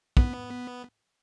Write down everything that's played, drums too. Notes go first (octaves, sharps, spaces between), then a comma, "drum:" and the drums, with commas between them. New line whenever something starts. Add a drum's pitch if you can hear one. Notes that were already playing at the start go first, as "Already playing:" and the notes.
B3, drum: kick